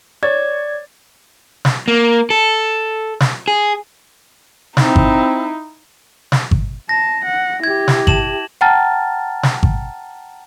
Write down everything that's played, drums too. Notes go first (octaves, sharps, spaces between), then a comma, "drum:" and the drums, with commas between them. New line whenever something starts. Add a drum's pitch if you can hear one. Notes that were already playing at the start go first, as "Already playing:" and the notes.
C#5 D5 G#6 A6
drum: snare
A#3
A4
drum: snare
G#4
C4 D#4 E4, drum: snare
drum: kick G#1
drum: snare
drum: kick G#1
A5 A#6
F#5
E4 G4 G#6
drum: snare
A5 E7 F#7, drum: kick G#1
F#5 G5 A5 A#5 F6 A6
drum: snare
drum: kick G#1